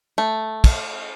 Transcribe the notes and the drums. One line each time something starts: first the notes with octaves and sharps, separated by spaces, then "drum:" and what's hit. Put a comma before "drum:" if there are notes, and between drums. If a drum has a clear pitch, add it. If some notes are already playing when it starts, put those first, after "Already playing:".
A3
drum: kick, cymbal